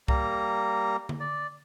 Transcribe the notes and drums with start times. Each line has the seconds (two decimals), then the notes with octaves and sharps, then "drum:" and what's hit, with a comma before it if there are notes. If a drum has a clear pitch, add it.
0.08 G3 A#3 A#5, drum: kick C2
1.09 drum: tom D3
1.20 D5